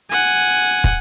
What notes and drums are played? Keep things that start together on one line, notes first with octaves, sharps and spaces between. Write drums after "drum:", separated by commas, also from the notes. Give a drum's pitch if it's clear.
F#5 G#5
drum: kick